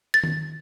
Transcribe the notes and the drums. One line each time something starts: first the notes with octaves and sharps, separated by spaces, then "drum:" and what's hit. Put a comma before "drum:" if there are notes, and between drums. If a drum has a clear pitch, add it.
A6
drum: tom D#3